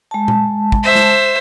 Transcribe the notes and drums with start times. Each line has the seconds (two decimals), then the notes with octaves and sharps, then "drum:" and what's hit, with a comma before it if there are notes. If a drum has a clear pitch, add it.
0.11 G#3 A5
0.28 drum: tom A#2
0.72 drum: kick
0.83 C5 E5
0.95 drum: snare